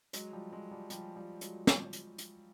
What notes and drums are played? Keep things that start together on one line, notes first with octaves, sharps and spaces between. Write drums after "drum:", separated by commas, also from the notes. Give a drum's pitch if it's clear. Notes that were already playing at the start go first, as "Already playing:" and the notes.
F#3 G#3, drum: hi-hat
F3 G3
F#3 G#3
F3 G3
F3 G3, drum: hi-hat
F3 G3
F#3 G#3, drum: hi-hat
drum: snare
drum: hi-hat
drum: hi-hat